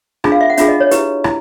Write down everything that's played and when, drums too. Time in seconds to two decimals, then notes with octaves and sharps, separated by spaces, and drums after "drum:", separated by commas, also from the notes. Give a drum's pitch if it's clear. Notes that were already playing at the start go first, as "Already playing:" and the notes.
0.24 D4 F4 G#4, drum: rim click
0.32 F5
0.41 E5
0.50 F#5
0.57 D4 F4 G#4 E5, drum: hi-hat
0.69 D#5
0.80 C#5
0.91 E4 G4 B4, drum: hi-hat
1.24 E4, drum: rim click